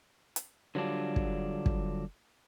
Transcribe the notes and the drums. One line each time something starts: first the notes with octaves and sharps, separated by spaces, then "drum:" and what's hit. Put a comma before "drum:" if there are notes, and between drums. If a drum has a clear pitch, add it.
drum: hi-hat
D3 F#3 G3 D4 F4
drum: kick
drum: kick